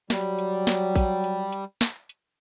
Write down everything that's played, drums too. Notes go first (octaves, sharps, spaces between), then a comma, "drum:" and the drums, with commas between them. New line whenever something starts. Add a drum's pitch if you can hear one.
F#3 G3, drum: snare
drum: hi-hat
drum: snare
drum: kick A#1, open hi-hat
drum: hi-hat
drum: hi-hat
drum: snare
drum: hi-hat